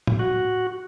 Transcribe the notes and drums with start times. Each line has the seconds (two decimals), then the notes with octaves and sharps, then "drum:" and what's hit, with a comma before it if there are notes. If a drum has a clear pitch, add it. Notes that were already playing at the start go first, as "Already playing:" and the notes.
0.07 drum: tom A2
0.19 F#4